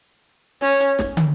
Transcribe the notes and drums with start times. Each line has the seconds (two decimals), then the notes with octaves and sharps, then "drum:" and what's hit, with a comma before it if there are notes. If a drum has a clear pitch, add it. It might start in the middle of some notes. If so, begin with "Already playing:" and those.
0.62 C#4
0.81 drum: hi-hat
0.99 drum: snare
1.17 drum: tom